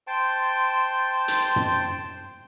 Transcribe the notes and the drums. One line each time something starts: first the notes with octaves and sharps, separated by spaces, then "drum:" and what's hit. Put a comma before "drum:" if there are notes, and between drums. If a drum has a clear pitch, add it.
C5 G5 A5 C6
drum: hi-hat
drum: tom F#2